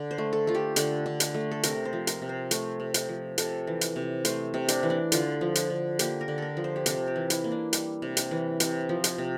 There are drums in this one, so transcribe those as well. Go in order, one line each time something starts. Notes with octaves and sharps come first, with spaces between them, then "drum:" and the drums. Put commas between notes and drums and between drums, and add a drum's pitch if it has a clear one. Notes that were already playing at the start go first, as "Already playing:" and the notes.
Already playing: D3
C5
A3
A4
A3 F4
G4
D3 A4, drum: hi-hat
D3
drum: hi-hat
A3
A4
C3 A#4, drum: hi-hat
C5
F3
A#4, drum: hi-hat
C3
C5
A3 C5, drum: hi-hat
C3
drum: hi-hat
F3
C3 A4, drum: hi-hat
E3
drum: hi-hat
C3
A3 C5, drum: hi-hat
C3
D4, drum: hi-hat
E3
D4
D3 F4, drum: hi-hat
F3
drum: hi-hat
D3
A#3 G4, drum: hi-hat
A#4
D3
A4 A#4
F3
C5
G4
C3 A4, drum: hi-hat
G4
E3
E4, drum: hi-hat
A#3
D4
G3, drum: hi-hat
C3
drum: hi-hat
E3
C3, drum: hi-hat
F3
drum: hi-hat
C3